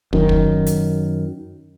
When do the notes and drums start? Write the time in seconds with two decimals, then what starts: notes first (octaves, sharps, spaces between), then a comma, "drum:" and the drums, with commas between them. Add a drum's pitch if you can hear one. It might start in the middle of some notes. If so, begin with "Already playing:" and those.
0.13 F#2 D#3, drum: kick
0.29 drum: kick
0.67 drum: hi-hat